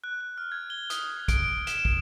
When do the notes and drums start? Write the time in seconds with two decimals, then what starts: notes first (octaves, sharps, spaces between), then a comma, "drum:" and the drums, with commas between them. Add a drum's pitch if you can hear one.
0.04 F#6
0.21 F#6
0.38 F6
0.52 G#6
0.70 G7
0.90 D#6, drum: hi-hat
1.28 D7, drum: kick, hi-hat
1.67 E7, drum: hi-hat
1.85 drum: kick